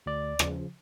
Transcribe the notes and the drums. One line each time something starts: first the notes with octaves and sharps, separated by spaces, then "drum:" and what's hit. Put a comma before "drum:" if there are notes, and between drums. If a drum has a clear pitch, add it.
D2 D5
C#3 F3, drum: rim click